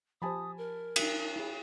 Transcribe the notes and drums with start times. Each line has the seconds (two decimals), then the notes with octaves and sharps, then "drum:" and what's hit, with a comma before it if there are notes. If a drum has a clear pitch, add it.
0.22 F3 G4 C5 G#5 A5 B5 D#6
0.58 A#4
0.96 D4 D#4, drum: cymbal
1.36 E4 G#4